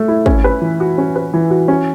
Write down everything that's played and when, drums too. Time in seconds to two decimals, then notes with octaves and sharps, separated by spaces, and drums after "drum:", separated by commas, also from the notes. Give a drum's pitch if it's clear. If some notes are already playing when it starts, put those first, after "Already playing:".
Already playing: A3 A4
0.08 E4
0.26 C#4, drum: kick
0.44 B4
0.61 E3
0.80 F#4
0.98 C#4
1.16 B4
1.34 E3
1.50 F#4
1.68 C#4